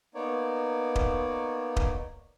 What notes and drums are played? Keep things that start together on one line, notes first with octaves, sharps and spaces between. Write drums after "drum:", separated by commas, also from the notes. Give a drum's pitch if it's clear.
A#3 B3 D#4 C#5 D5
drum: kick D#1
drum: kick D#1